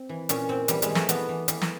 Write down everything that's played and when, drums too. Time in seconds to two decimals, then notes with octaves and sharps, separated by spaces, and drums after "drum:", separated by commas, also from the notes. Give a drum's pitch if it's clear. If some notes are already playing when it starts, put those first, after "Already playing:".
Already playing: C4
0.09 E3
0.29 A#2 C#4, drum: hi-hat
0.49 A#2 C4
0.68 E3 G3, drum: hi-hat
0.82 G#3, drum: hi-hat
0.89 E3
0.95 A3, drum: snare
1.09 E3 B3, drum: hi-hat
1.29 E3
1.48 E3, drum: hi-hat
1.61 drum: snare